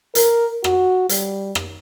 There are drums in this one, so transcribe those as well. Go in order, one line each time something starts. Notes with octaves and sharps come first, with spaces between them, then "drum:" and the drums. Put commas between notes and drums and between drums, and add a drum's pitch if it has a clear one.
A#4, drum: hi-hat
F#4, drum: rim click
G3, drum: hi-hat
drum: rim click